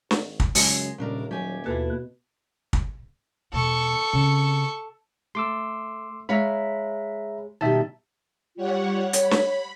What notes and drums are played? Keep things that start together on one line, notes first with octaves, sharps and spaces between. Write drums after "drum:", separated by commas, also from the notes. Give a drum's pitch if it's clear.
G#1, drum: snare
drum: kick
C#2 F#2 G#3 G#4, drum: open hi-hat
D#1 A#2 C#3 G3 D4 A#4
F#3 G4 G#5
D#2 B2 E4 F4 A4 B4
drum: kick
E2 B2 A4 C#6
C#3 C4
A3 C6 D6 E6
G#3 C#5 E5 F5 A#5 B5
B2 D#3 G3 E5 A5
G3 F4 C#5 F#5
C#5 B5, drum: hi-hat
drum: snare